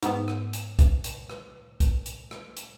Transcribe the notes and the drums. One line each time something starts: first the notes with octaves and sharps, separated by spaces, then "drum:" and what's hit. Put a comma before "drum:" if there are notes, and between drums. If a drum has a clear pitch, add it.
G#2 B3, drum: hi-hat
drum: rim click
drum: hi-hat
drum: kick, hi-hat
drum: hi-hat
drum: rim click
drum: kick, hi-hat
drum: hi-hat
drum: rim click
drum: hi-hat